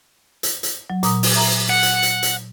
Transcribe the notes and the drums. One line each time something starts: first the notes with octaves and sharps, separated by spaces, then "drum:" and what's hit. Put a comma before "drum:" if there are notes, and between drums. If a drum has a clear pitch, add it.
drum: hi-hat
drum: hi-hat
F#3
A#2 A#5 D#6, drum: hi-hat
drum: open hi-hat
E5 A#5
F#5
drum: hi-hat
drum: hi-hat
drum: hi-hat